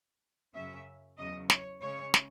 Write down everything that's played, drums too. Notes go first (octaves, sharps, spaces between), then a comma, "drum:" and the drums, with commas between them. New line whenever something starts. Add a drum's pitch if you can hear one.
F#2 C#3 F#3 C#4 E5
E2 C#3 F#3 D#5
C#5, drum: snare
C#3 G#3 C#4 C#5
drum: snare